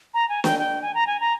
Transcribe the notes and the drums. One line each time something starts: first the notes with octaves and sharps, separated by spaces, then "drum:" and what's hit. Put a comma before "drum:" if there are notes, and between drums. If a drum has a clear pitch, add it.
A#5
G#5
G5, drum: snare
G5
G#5
A#5
G#5
A#5